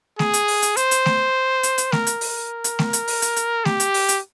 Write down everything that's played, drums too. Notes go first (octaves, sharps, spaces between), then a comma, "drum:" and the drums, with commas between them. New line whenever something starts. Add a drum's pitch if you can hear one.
G#4, drum: snare A3
drum: hi-hat
drum: open hi-hat
drum: hi-hat
C5, drum: hi-hat
drum: hi-hat
drum: snare A3
drum: hi-hat
drum: hi-hat
A#4, drum: snare A3
drum: hi-hat
drum: open hi-hat
drum: hi-hat
drum: snare A3
drum: hi-hat
drum: open hi-hat
drum: hi-hat
drum: hi-hat
G4, drum: snare A3
drum: hi-hat
drum: open hi-hat
drum: hi-hat